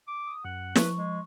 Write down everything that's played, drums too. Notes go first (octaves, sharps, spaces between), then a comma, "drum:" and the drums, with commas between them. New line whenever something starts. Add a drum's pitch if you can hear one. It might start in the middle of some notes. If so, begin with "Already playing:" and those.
D6
D#6
F#2 F#5
F3 B4 C#6, drum: snare
G#3